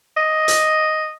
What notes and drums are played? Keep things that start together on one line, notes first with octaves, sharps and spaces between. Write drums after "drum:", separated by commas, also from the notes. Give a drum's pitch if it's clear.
D#5
drum: hi-hat